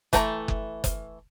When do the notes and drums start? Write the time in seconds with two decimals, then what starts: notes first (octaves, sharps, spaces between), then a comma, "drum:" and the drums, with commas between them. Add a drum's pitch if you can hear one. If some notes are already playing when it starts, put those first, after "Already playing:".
0.13 E3 A3 A4 G5 A#5, drum: kick F#1, hi-hat
0.48 drum: kick F#1
0.84 drum: kick F#1, hi-hat